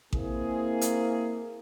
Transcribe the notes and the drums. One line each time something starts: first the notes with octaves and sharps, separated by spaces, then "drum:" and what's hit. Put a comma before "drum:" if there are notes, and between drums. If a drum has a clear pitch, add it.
A#3 C4 E4 G#4, drum: kick A1
drum: hi-hat